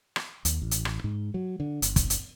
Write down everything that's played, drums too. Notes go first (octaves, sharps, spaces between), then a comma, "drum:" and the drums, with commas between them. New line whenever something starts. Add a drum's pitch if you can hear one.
drum: rim click
D#2, drum: hi-hat
A1
drum: hi-hat
drum: rim click
G#2
F#3
D3
G1, drum: hi-hat
drum: kick, hi-hat
drum: hi-hat